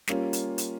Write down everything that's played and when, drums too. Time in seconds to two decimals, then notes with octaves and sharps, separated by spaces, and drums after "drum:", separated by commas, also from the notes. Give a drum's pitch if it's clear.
0.07 G3 A#3 C#4 F4, drum: snare
0.33 drum: hi-hat
0.58 drum: hi-hat